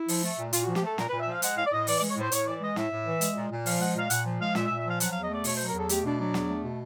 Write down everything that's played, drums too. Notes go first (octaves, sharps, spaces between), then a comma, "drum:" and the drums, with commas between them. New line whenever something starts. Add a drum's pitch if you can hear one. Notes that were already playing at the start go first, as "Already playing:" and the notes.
Already playing: E4
F3, drum: open hi-hat
A3
A#2
A#2 F4, drum: hi-hat
F#4
F3
G4, drum: snare
A3 A4
A#2 A#4, drum: snare
B4
A#2
E5
F3 F5
G#3 F#5, drum: hi-hat
A2 F5
D5
A2 D#5
E3 D5, drum: open hi-hat
D5
G#3
C#5
A2 C5
A2 C#5, drum: hi-hat
E3 D5
G#3 D#5
A2 E5, drum: snare
A2
E3
G#3, drum: hi-hat
A#2
A#2
F3 F5, drum: open hi-hat
G#3 F#5
A#2 F5
A#2 F#5, drum: hi-hat
F3
G#3 F5
A#2 E5, drum: snare
E5
A#2
E5
F3 F5
F#3 F#5, drum: hi-hat
E2 F5
D#5
A3 D5
B2 C#5, drum: open hi-hat
C5
F#3
A#4
E2 A4
A3 G4, drum: hi-hat
B2 D4
F#3 D4
E2, drum: snare
A3
B2